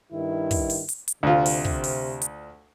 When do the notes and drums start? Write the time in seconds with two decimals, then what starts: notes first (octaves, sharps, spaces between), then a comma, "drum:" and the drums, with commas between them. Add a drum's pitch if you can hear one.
0.13 G2 D#3 E4
0.51 drum: kick, open hi-hat
0.70 drum: open hi-hat
0.89 drum: hi-hat
1.08 drum: hi-hat
1.23 D2 C3 F4
1.46 drum: open hi-hat
1.65 drum: kick
1.84 drum: open hi-hat
2.22 drum: hi-hat